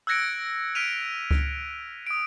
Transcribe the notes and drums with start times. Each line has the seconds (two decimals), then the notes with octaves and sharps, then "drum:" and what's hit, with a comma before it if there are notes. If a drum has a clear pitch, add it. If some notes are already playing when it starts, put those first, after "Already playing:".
0.07 E6 F#6 G#6 A#6 C#7 D7
0.75 F6 B6 D7 D#7 F7
1.31 drum: kick C#2
2.07 D#6 D7